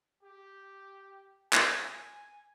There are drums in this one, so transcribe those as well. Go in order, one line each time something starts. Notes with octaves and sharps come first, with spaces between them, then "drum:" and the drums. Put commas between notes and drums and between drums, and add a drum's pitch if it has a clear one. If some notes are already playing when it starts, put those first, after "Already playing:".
G4
G#5, drum: clap